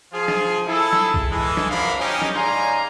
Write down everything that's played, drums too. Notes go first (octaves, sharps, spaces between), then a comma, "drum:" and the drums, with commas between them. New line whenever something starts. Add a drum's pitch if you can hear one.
F3 F4 G#4
drum: snare
E4 G#4 A4
drum: snare
drum: kick B1
E3 G#3 A4
drum: snare
F#2 F3 D4 A#4 F5 B5
C#4 D#4 G4
drum: snare
G#2 D5 F5 G#5 A#5 C6